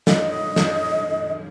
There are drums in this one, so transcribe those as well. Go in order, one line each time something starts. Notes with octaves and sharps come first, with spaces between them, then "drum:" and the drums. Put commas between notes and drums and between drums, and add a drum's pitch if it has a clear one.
D#5, drum: snare
drum: snare